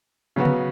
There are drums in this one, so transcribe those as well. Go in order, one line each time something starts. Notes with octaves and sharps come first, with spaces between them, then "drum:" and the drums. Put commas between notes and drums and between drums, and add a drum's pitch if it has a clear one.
C#3 F#3 B3 F#4
drum: tom C#3